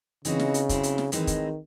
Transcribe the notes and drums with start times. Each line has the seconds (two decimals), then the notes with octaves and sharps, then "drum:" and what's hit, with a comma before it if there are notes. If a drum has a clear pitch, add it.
0.25 C#3 E3 C4 D#4 F#4, drum: hi-hat
0.39 drum: snare
0.54 drum: hi-hat
0.69 F#3 C4 E4, drum: kick, hi-hat
0.83 drum: hi-hat
0.98 drum: snare
1.12 A2 D#3 E3 G#3 C4 D#4, drum: hi-hat
1.27 drum: kick, hi-hat